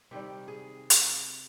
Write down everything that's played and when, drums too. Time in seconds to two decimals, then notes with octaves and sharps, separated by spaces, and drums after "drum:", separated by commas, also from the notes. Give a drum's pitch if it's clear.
0.11 C3 D#3 G3 G4
0.48 G#4
0.90 drum: hi-hat